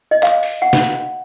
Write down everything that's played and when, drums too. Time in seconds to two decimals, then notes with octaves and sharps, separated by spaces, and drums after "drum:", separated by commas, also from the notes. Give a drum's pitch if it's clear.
0.11 D#5
0.23 F5, drum: clap
0.43 drum: open hi-hat
0.62 F#5
0.73 drum: snare